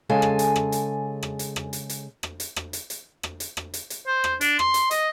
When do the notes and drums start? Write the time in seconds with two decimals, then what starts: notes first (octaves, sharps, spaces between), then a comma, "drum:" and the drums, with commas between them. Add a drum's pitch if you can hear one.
0.09 C#3 G#3 A4 G#5
0.22 drum: rim click
0.39 drum: hi-hat
0.56 drum: rim click
0.72 drum: hi-hat
1.23 drum: rim click
1.39 drum: hi-hat
1.56 drum: rim click
1.73 drum: hi-hat
1.89 drum: hi-hat
2.23 drum: rim click
2.40 drum: hi-hat
2.56 drum: rim click
2.73 drum: hi-hat
2.90 drum: hi-hat
3.23 drum: rim click
3.40 drum: hi-hat
3.57 drum: rim click
3.74 drum: hi-hat
3.90 drum: hi-hat
4.07 C5
4.24 drum: rim click
4.41 D4, drum: hi-hat
4.59 C6, drum: rim click
4.74 drum: hi-hat
4.91 D#5, drum: hi-hat